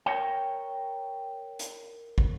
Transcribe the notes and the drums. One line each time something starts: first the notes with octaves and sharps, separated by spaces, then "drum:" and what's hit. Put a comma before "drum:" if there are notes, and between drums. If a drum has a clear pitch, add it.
A#4 C#5 G5
drum: hi-hat
drum: kick